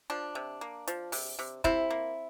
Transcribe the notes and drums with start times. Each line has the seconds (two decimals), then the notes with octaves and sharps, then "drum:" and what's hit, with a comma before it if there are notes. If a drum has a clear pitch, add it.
0.10 F3 D4
0.35 C3
0.61 A#3
0.88 F3, drum: hi-hat
1.12 C3, drum: open hi-hat
1.39 C3
1.64 C3 C4 E4, drum: kick
1.90 A#3